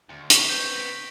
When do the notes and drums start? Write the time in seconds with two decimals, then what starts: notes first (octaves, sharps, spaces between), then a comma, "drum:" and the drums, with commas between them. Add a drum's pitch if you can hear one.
0.09 D2
0.30 C#6 B6, drum: hi-hat
0.49 B3 C4 G6
0.76 A#6 B6 D7